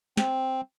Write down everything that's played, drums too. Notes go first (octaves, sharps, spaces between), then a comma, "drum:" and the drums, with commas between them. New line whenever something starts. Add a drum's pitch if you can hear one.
C4, drum: snare